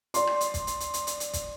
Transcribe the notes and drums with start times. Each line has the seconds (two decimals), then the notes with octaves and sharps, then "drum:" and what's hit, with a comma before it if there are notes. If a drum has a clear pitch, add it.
0.14 D5 C6, drum: hi-hat
0.27 drum: rim click
0.41 drum: hi-hat
0.54 drum: kick, hi-hat
0.67 drum: hi-hat
0.80 drum: hi-hat
0.94 drum: hi-hat
1.07 drum: hi-hat
1.20 drum: hi-hat
1.33 drum: kick, hi-hat